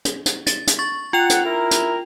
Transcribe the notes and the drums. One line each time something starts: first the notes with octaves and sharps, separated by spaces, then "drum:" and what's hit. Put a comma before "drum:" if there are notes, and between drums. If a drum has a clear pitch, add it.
drum: hi-hat
drum: hi-hat
A6, drum: hi-hat
drum: hi-hat
C#6 A6
F4 F#5 G5 F7
drum: hi-hat
E4 A#4
drum: hi-hat